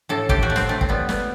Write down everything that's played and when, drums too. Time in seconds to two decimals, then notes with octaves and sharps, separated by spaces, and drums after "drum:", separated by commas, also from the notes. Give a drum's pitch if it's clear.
0.09 A2 A4
0.29 A2 G4, drum: kick
0.43 F#4
0.50 A3
0.56 C4, drum: snare
0.69 A2 A3
0.81 C4, drum: kick
0.89 G3 B3
1.09 G3 B3, drum: snare